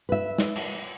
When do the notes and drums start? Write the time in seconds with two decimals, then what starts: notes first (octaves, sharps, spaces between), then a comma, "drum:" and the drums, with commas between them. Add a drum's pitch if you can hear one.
0.09 B4 E5
0.39 drum: snare
0.56 drum: cymbal